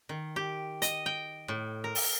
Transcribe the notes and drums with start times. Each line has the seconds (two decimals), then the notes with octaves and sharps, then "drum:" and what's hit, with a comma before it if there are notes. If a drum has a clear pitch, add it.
0.09 D#3
0.36 G4
0.82 D#5, drum: hi-hat
1.06 G5
1.48 A2
1.84 A#4
1.95 drum: open hi-hat